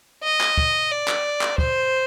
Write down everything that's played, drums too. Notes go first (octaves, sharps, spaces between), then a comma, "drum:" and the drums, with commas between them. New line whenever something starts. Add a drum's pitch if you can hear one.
D#5
drum: clap
drum: kick
D5
drum: clap
drum: clap
C5, drum: kick